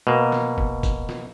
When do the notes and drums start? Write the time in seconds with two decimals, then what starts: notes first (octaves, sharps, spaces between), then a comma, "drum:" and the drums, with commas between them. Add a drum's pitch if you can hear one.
0.07 B2 A#3
0.32 drum: snare
0.58 drum: kick
0.83 drum: kick, tambourine
1.09 drum: snare